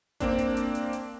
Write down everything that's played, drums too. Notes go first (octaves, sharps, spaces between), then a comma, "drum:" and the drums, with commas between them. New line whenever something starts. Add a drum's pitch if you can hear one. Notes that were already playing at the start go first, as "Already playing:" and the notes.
A#3 C4 D4, drum: kick G#1, hi-hat
drum: hi-hat
drum: hi-hat
drum: hi-hat
drum: hi-hat